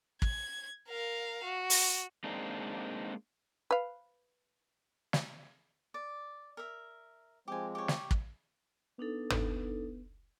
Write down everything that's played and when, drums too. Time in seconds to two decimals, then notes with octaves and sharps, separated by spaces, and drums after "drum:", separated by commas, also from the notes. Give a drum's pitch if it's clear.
0.22 G#6, drum: kick
0.89 A#4 F5
1.44 F#4
1.70 drum: open hi-hat
2.24 G#3 A#3 C4 D4 D#4
3.71 B4 F5
5.13 drum: snare
5.94 D5
6.57 A#4 E5
7.48 F3 G#3 C4 G4 G#5
7.75 G4 C#5
7.88 drum: snare
8.11 drum: kick
8.99 B3 D4 D#4 A4
9.30 drum: tom